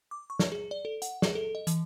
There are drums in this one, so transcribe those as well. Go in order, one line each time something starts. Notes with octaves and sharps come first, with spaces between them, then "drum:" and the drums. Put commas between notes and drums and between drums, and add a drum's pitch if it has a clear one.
D6
C#6
drum: snare
G#4
D5
A4
F#5, drum: hi-hat
G#4, drum: snare
A4
D#5
E3, drum: hi-hat